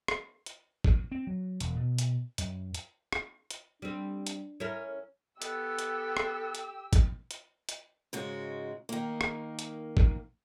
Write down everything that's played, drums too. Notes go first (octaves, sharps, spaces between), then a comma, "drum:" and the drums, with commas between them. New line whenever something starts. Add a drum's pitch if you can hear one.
drum: rim click
drum: hi-hat
drum: kick G#1
C4
F#3
E1, drum: hi-hat
B2
drum: hi-hat
F#2, drum: hi-hat
drum: hi-hat
drum: rim click
drum: hi-hat
G3 C4 D4
drum: hi-hat
C#4 E4 A#4
B3 G4 A4 E6, drum: hi-hat
drum: hi-hat
drum: rim click
drum: hi-hat
drum: kick G#1, hi-hat
drum: hi-hat
drum: hi-hat
G#2 C#3 G#3 F#4
D#3 A#3
drum: rim click
drum: hi-hat
drum: kick G#1